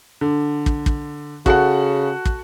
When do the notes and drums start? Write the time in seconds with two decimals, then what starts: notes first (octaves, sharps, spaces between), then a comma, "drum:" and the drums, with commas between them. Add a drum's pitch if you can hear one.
0.21 D3
0.66 drum: kick
0.86 drum: kick
1.46 C#3 F#4 A4 F#5, drum: kick
2.25 drum: kick